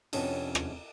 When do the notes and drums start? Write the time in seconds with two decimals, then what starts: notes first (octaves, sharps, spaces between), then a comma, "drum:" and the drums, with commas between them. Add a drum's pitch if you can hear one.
0.13 F2 C3 B3 C#4 D4 D#5, drum: cymbal
0.55 drum: rim click